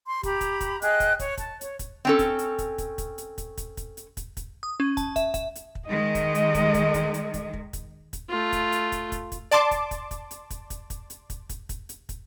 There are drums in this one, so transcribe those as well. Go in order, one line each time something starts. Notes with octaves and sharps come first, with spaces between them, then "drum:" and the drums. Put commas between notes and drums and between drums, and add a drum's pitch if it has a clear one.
C6
G4 A#5 B5, drum: kick, hi-hat
drum: kick, hi-hat
drum: kick, hi-hat
G#4 D#5 G5 F#6, drum: hi-hat
drum: kick, hi-hat
C#5, drum: kick, hi-hat
A5, drum: kick, hi-hat
C#5, drum: hi-hat
drum: kick, hi-hat
C4 C#4 A4
drum: kick, hi-hat
drum: hi-hat
drum: kick, hi-hat
drum: kick, hi-hat
drum: kick, hi-hat
drum: hi-hat
drum: kick, hi-hat
drum: kick, hi-hat
drum: kick, hi-hat
drum: hi-hat
drum: kick, hi-hat
drum: kick, hi-hat
D#6
C#4
A5, drum: kick, hi-hat
E5, drum: kick, hi-hat
E5, drum: kick, hi-hat
drum: hi-hat
drum: kick
D#3 G#3 D#5
drum: kick, hi-hat
drum: hi-hat
drum: kick, hi-hat
drum: kick, hi-hat
drum: kick, hi-hat
drum: hi-hat
drum: kick, hi-hat
drum: kick
drum: kick, hi-hat
drum: kick, hi-hat
A3 F4
drum: kick, hi-hat
drum: hi-hat
drum: kick, hi-hat
drum: kick, hi-hat
drum: kick, hi-hat
D5 A5 C6 D6, drum: hi-hat
drum: kick, hi-hat
drum: kick, hi-hat
drum: kick, hi-hat
drum: hi-hat
drum: kick, hi-hat
drum: kick, hi-hat
drum: kick, hi-hat
drum: hi-hat
drum: kick, hi-hat
drum: kick, hi-hat
drum: kick, hi-hat
drum: hi-hat
drum: kick, hi-hat